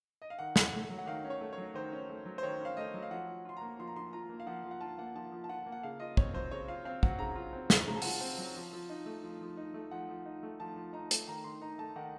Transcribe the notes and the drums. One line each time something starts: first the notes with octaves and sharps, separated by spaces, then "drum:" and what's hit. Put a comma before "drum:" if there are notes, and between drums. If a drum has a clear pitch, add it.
D#5
F5
D#3 F#5
C#4, drum: snare
A3
F#3
F#5
D#3 F5
C#4
C#5
A3
C#5
F#3
D#3 C5
C#4
A3
F#3
C5
D#3 C#5
C#4 F5
A3 D#5
F#3
F5
F3 F#5
F3
F4 C6
A#3 A#5
F3 C6
A#5
F3 C6
F4 A#5
A#3
F5
F3 F#5
F3
F#5
F4 A5
A#3 F#5
F3 A5
F3
A5
F4 F#5
A#3
F#5
C#3 F5
F4 D#5
C4 C#5, drum: kick
F#3 C5
C#3 C#5
F4 F5
C4 F5
F#3 F#5, drum: kick
C#3 A#5
F4
C4
F#3, drum: snare
C#3 A#5
A5
F4 F#5, drum: open hi-hat
A5
C4
F#3
F3
F3
D#4
A3
F3
F3
D#4
A3
F3 F#5
F3
D#4
A3
F3 A5
F3
D#4 A#5
A3, drum: hi-hat
D#3 A#5
D#3 C6
D#4 A#5
A3 A5
D#3 F#5